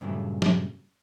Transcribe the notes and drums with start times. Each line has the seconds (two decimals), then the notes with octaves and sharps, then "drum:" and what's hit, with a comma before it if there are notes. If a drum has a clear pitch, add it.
0.01 G2 A#2 C#3 F#3 A3
0.42 drum: snare